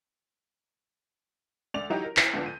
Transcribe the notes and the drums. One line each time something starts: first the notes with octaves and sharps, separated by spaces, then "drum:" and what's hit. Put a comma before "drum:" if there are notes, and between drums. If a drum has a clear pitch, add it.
D2 D5 F7
F#3 D#4 E4 F#4 G4
A#4
E4 G6, drum: clap
D2 D3 F3 B3 D4
G6 D#7